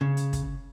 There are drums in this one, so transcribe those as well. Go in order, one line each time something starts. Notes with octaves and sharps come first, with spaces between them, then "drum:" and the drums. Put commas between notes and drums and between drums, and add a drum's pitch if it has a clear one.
C#3
drum: hi-hat
drum: kick, hi-hat